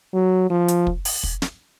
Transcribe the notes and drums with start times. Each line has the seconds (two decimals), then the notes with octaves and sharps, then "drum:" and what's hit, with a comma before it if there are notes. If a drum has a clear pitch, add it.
0.14 F#3
0.50 F3
0.68 drum: hi-hat
0.87 drum: kick
1.05 drum: open hi-hat
1.23 drum: kick
1.42 drum: snare